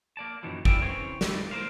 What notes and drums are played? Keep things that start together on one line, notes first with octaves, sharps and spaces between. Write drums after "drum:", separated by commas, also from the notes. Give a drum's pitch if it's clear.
A#3 D5 A5
F#2 A#2 D#3 E3 F#3
E4 A#4 D5 E5 G5 G#5, drum: kick
C#3 E3 C4 G#4 C#5
D#3 E3 G#3 A3 C4 D4, drum: snare
A#3 A#4 C5 F5